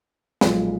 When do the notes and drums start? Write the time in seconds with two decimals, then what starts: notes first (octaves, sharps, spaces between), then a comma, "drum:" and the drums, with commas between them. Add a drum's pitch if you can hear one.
0.41 B1 A#2 F3 G#3, drum: snare